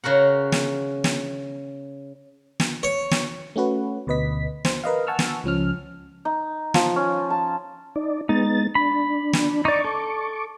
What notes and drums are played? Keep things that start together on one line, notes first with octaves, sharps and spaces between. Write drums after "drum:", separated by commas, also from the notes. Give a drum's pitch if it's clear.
C#3 F#4 A#4 F#5
drum: snare
drum: snare
drum: snare
C#5
drum: snare
A3 C#4 F#4 B4
D2 B2 B4 D#5 B6
C5, drum: snare
A#4 B4 D#5 F5
F#5 G#5 A5 C#6 E6 F6
drum: snare
C#2 F3 C#4 F6
D#4
F3, drum: snare
C#4
A5
D#4 D5
G#3 B3 D#4 A6
D4 B5
drum: snare
D#4 D5 C#6 D6
A4